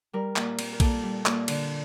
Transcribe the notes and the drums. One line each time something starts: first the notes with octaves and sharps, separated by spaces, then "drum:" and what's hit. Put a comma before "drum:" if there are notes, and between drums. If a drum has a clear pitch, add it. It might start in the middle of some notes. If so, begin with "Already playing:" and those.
G3 A#4
A#2, drum: clap
C4, drum: cymbal
A#4
A#2 A4, drum: kick, cymbal
G3
A#2, drum: clap
D3, drum: cymbal